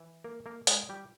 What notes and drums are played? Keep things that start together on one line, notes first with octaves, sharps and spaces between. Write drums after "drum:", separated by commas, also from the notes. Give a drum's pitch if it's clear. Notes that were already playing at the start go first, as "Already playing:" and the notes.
Already playing: E3
A#3 A#4
A#3 A#4
G#3 G#4, drum: hi-hat
G3 G4